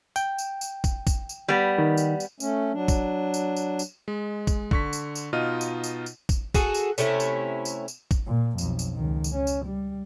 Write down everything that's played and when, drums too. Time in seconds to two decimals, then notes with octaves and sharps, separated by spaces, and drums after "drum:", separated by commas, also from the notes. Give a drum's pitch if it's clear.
0.16 G5, drum: tambourine
0.38 drum: tambourine
0.61 drum: tambourine
0.84 drum: kick, tambourine
1.07 drum: kick, tambourine
1.29 drum: tambourine
1.48 G3 B3
1.78 D#3
1.97 drum: tambourine
2.20 drum: tambourine
2.40 A3 C#4, drum: tambourine
2.72 F#3 D4
2.88 drum: kick, tambourine
3.34 drum: tambourine
3.56 drum: tambourine
3.79 drum: tambourine
4.08 G#3
4.47 drum: kick, tambourine
4.71 D3 C#6 B6, drum: kick
4.93 drum: tambourine
5.15 drum: tambourine
5.33 B2 D#4 F4 D#5 F6 D#7
5.61 drum: tambourine
5.84 drum: tambourine
6.06 drum: tambourine
6.29 drum: kick, tambourine
6.54 F#4 G#4 A4, drum: kick, tambourine
6.74 drum: tambourine
6.98 C3 A3 C#4 E4, drum: tambourine
7.20 drum: tambourine
7.65 drum: tambourine
7.88 drum: tambourine
8.11 drum: kick, tambourine
8.26 A#2
8.58 B1 F2, drum: tambourine
8.79 drum: tambourine
8.94 C#2 D#3
9.24 drum: tambourine
9.35 C#4
9.47 drum: tambourine
9.65 G3